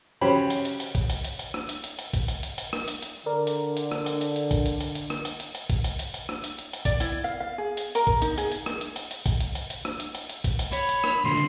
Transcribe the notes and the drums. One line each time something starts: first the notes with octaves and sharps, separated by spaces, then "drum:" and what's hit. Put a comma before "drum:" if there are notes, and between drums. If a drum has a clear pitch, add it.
C#3 F#3 C#4 G4 C5 B5
drum: hi-hat
drum: hi-hat
drum: hi-hat
drum: kick, hi-hat
drum: hi-hat
drum: hi-hat
drum: hi-hat
drum: rim click
drum: hi-hat
drum: hi-hat
drum: hi-hat
drum: kick, hi-hat
drum: hi-hat
drum: hi-hat
drum: hi-hat
drum: rim click
drum: hi-hat
drum: hi-hat
D3 A#4 D5
drum: hi-hat
drum: hi-hat
drum: rim click
drum: hi-hat
drum: hi-hat
drum: hi-hat
drum: kick, hi-hat
drum: hi-hat
drum: hi-hat
drum: hi-hat
drum: rim click
drum: hi-hat
drum: hi-hat
drum: hi-hat
drum: kick, hi-hat
drum: hi-hat
drum: hi-hat
drum: hi-hat
drum: rim click
drum: hi-hat
drum: hi-hat
drum: hi-hat
D5, drum: kick, hi-hat
E4, drum: hi-hat
F5
F5
G#4
drum: hi-hat
A#4, drum: hi-hat
drum: kick
D#4, drum: hi-hat
G#4, drum: hi-hat
drum: hi-hat
drum: rim click
drum: hi-hat
drum: hi-hat
drum: hi-hat
drum: kick, hi-hat
drum: hi-hat
drum: hi-hat
drum: hi-hat
drum: rim click
drum: hi-hat
drum: hi-hat
drum: hi-hat
drum: kick, hi-hat
drum: hi-hat
C#5 B5, drum: hi-hat
drum: hi-hat
drum: rim click
C#2 D3 C6